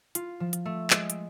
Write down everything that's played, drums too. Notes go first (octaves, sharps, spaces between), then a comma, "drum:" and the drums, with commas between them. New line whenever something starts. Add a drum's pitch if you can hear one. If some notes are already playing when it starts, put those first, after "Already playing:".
F4, drum: hi-hat
F3
drum: hi-hat
A3
G#3, drum: clap
drum: hi-hat